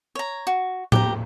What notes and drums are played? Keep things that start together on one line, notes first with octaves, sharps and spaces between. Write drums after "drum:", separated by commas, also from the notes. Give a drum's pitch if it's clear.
C#5 A#5
F#4
G4 A#5, drum: tom A2